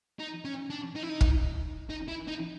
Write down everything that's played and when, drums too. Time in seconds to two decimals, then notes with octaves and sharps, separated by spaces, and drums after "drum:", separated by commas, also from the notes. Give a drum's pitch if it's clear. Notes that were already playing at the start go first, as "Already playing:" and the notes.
0.20 D#4
0.45 C#4
0.70 D4
0.96 D#4
1.03 E4
1.10 D#4
1.21 drum: kick
1.90 D#4
2.08 E4
2.28 D#4